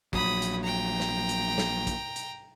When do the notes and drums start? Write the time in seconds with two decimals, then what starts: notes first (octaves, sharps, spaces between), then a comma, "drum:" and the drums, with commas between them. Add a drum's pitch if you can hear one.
0.13 A#1 F#3 B5 D#6, drum: kick
0.42 drum: hi-hat
0.63 G5 A#5
1.00 drum: snare
1.29 drum: hi-hat
1.58 drum: snare
1.87 drum: kick, hi-hat
2.16 drum: hi-hat